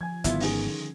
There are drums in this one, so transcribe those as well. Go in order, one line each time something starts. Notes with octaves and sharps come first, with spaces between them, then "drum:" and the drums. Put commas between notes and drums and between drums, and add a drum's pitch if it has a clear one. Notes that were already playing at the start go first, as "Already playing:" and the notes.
F3 G#5 G#6
G#1 D3 G3 B3 E4 F4, drum: hi-hat
D#3 C#4 G#4, drum: open hi-hat